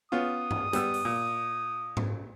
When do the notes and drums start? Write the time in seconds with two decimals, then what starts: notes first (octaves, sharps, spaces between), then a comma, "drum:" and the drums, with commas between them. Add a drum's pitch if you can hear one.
0.12 B3 C#4 F4 D#6
0.51 drum: tom G2
0.73 G3 B3 E6, drum: hi-hat
0.94 drum: open hi-hat
1.05 A#2
1.97 drum: tom G#2